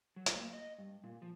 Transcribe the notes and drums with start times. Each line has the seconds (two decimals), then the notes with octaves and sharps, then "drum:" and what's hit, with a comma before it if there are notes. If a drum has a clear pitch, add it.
0.16 F#3
0.26 drum: hi-hat
0.36 A#3
0.53 D#5
0.78 G2
1.04 A#2
1.22 F3